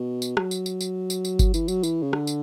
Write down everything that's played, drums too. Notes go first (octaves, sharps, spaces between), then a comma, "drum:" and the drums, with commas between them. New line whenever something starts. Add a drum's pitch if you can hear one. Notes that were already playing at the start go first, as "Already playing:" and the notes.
Already playing: B2
drum: tambourine
F#3, drum: rim click
drum: tambourine
drum: tambourine
drum: tambourine
drum: tambourine
drum: tambourine
drum: kick G1, tambourine
E3, drum: tambourine
F#3, drum: tambourine
E3, drum: tambourine
C#3
D3, drum: rim click
drum: tambourine